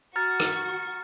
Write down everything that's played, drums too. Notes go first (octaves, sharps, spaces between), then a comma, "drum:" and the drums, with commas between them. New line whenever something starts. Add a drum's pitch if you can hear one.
F#4 A#5 C#6 F6 A6
drum: rim click